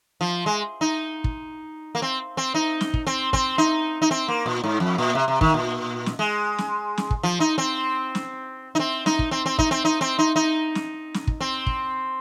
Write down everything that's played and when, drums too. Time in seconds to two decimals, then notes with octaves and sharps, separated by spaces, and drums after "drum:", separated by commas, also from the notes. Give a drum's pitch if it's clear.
0.21 F3
0.46 G#3
0.81 D#4
1.24 drum: kick
1.95 A#3
2.02 C4
2.37 C4
2.54 D#4
2.81 drum: snare
2.94 drum: kick
3.07 C4
3.33 C4, drum: kick
3.58 D#4
4.02 D#4
4.11 C4
4.28 A#3
4.46 A#2
4.64 G#2
4.80 F2
4.98 A#2
5.15 C3
5.28 C3
5.41 D#3, drum: kick
5.54 A#2
6.06 drum: snare
6.19 G#3
6.58 drum: snare
6.97 drum: snare
7.11 drum: kick
7.23 F3
7.40 D#4
7.58 C4
8.15 drum: snare
8.75 D#4
8.79 C4
9.06 D#4, drum: snare
9.19 drum: kick
9.31 C4
9.46 C4
9.59 D#4, drum: kick
9.71 C4
9.85 D#4
10.01 C4
10.19 D#4
10.36 D#4
10.75 drum: snare
11.14 drum: snare
11.27 drum: kick
11.41 C4
11.67 drum: kick